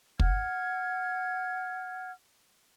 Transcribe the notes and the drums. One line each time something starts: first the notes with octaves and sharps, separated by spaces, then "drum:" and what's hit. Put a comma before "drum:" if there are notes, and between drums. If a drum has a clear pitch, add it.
F#5 F6 G#6, drum: kick